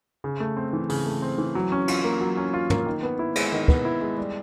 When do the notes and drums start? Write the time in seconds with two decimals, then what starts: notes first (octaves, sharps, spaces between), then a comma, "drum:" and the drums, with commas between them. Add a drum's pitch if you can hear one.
0.24 C#3
0.40 A3
0.57 C4
0.73 E3
0.90 C#3, drum: open hi-hat
1.06 A3
1.22 C4
1.38 E3
1.55 F#3
1.72 C#4
1.88 F4, drum: cymbal
2.04 A#3
2.21 F#3
2.37 C#4
2.54 F4
2.70 A#3, drum: tom
2.86 D#3
3.03 B3
3.19 E4
3.35 G#3, drum: cymbal
3.52 D#3
3.68 B3, drum: kick
3.85 E4
4.01 G#3
4.18 G3